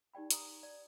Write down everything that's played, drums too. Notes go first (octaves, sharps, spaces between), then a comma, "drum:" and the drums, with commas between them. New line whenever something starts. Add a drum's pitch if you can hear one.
D#4 G4 D5 G5 B5
G4 B4 A#5 D#6, drum: hi-hat
D5